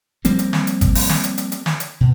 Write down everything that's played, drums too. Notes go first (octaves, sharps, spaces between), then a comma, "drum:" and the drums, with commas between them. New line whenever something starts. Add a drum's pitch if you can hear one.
F3 G3 A#3 C4, drum: hi-hat
drum: hi-hat
drum: snare
drum: hi-hat
drum: kick G#1, hi-hat
drum: open hi-hat
drum: snare
drum: hi-hat
drum: hi-hat
drum: hi-hat
drum: snare
drum: hi-hat
B2